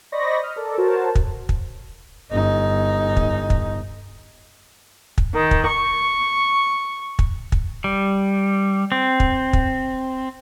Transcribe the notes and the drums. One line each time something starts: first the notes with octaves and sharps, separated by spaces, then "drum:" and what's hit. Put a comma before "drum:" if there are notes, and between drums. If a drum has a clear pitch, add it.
C5 D5 D#5 B5 C#6 A#6
D#5 F6
A4 A#4 D5
F#4 A#4 C5 C#5 A5
drum: kick
drum: kick
G1 D#4
drum: kick
drum: kick
drum: kick
D#3
drum: kick
C#6
drum: kick
drum: kick
G3
C4
drum: kick
drum: kick